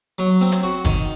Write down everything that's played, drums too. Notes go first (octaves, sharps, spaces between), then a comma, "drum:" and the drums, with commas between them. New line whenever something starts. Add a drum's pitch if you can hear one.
F#3
C4
drum: hi-hat
F#4
D#3, drum: kick, hi-hat